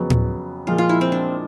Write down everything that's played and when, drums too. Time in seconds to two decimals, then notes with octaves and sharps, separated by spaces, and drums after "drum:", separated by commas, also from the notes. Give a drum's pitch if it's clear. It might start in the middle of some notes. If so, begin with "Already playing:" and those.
Already playing: F2 C#3 F#3 B3
0.10 drum: tom A2
0.67 A#2 F3 G#3 F4
0.78 F4
0.89 E4
1.01 C4
1.12 D4